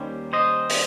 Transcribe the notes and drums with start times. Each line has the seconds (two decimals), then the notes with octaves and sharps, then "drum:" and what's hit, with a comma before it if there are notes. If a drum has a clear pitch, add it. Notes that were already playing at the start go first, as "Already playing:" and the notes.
Already playing: D#2 D#3 G3 C#4 C5
0.33 C5 D#5
0.70 drum: open hi-hat